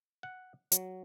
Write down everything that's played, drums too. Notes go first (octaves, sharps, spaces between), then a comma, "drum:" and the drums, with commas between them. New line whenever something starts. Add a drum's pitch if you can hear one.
F#5
F#3, drum: hi-hat